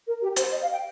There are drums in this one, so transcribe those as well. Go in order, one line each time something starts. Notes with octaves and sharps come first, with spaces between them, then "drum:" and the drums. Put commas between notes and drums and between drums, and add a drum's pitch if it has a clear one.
A#4
G4
C5, drum: hi-hat
D#5
F5
G5